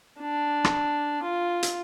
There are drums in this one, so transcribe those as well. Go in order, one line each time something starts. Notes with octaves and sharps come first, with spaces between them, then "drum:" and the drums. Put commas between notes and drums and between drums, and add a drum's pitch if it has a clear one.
D4
drum: rim click
F4
drum: hi-hat